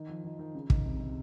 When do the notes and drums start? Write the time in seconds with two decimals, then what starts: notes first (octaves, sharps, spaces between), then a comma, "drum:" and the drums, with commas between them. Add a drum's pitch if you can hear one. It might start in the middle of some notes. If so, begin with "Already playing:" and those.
Already playing: D#3
0.09 F3
0.24 D#3
0.39 D#3
0.55 C#3
0.70 D#3, drum: kick
0.86 C3
1.00 C3